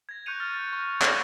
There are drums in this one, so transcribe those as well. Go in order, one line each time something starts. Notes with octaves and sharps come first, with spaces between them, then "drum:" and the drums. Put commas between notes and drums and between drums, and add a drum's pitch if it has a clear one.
G#6 A#6
C#6 F#6 G6 C#7 D#7 F7
F6 F#6 A6
A6
C#6
D6 E6, drum: clap